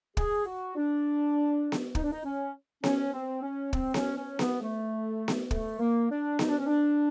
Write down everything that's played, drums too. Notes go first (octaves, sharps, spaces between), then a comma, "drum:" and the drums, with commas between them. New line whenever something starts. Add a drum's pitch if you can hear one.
G#4, drum: kick
F#4
D4
drum: snare B3
D#4, drum: kick
D4
D#4
C#4
C#4, drum: snare B3
C4
C#4
C4, drum: kick
C#4, drum: snare B3
C#4
B3, drum: snare B3
A3
drum: snare B3
A3, drum: kick
A#3
D4
D#4, drum: snare B3
D4
C#4
D4